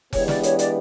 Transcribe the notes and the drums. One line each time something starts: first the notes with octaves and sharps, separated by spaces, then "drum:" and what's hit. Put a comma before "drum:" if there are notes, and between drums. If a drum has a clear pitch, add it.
E3 G#3 B3 D4 G4 C#5, drum: kick F1, open hi-hat
D5, drum: snare
C#5, drum: hi-hat
D5, drum: hi-hat